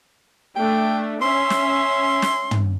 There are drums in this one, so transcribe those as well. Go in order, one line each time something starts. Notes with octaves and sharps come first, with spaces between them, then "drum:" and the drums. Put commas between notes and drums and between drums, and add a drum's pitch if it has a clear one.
A3 D4 G5
C#4 E5 C6
drum: snare
drum: snare
drum: tom